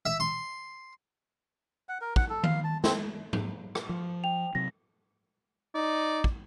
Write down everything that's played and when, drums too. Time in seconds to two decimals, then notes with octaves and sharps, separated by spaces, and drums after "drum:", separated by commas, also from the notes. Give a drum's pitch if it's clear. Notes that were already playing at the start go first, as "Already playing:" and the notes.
0.05 E5
0.20 C6
1.89 F#5
2.01 A#4
2.16 F#5, drum: kick
2.30 A4
2.43 F5, drum: tom D#3
2.64 A5
2.84 C4, drum: snare
3.33 drum: tom G#2
3.75 drum: rim click
3.89 F3
4.24 G5 F7
4.55 C3 F#3 A#6
5.75 D#4 D5
6.24 drum: kick